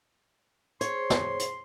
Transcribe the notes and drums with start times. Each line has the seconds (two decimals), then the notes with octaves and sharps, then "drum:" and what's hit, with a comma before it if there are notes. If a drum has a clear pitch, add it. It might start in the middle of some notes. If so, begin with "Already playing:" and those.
0.81 G#4 C5 C#5 C6, drum: hi-hat
1.10 drum: snare
1.39 drum: hi-hat